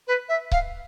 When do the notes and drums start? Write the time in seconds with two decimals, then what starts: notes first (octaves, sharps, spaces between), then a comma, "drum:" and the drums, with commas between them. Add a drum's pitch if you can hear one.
0.07 B4
0.28 E5
0.51 F5, drum: kick C#1